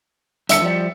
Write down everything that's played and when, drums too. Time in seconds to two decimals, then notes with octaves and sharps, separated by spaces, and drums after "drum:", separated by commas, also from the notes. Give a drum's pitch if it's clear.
0.49 G2 D3 A4 E5 E6 C#7, drum: hi-hat
0.61 F3 G3